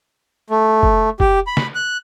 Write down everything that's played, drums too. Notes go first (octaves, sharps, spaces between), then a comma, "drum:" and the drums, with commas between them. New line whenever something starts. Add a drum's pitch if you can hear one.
A3
drum: kick
G4, drum: kick
B5
drum: snare
F#6